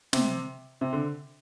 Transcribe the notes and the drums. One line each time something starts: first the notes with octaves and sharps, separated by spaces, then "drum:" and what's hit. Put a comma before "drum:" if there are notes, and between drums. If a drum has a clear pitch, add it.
C3, drum: snare
C3
D3